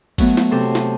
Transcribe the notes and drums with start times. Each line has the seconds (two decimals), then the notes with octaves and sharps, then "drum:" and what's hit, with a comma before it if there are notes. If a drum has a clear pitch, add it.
0.18 F#3 A3 B3, drum: kick, cymbal
0.37 drum: snare
0.51 C3 A4 C6
0.75 drum: snare